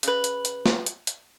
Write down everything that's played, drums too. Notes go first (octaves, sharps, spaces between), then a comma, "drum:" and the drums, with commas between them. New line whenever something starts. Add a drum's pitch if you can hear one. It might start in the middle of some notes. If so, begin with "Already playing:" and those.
C#3 B4, drum: hi-hat
drum: hi-hat
drum: hi-hat
drum: snare
drum: hi-hat
drum: hi-hat